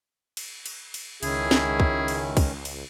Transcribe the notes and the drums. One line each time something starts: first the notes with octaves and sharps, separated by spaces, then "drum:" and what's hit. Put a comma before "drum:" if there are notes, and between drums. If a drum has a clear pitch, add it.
drum: cymbal
drum: cymbal
drum: cymbal
C#2 D#3 C#4 E4 G#4, drum: cymbal
drum: snare
drum: kick
drum: cymbal
drum: kick, cymbal
drum: cymbal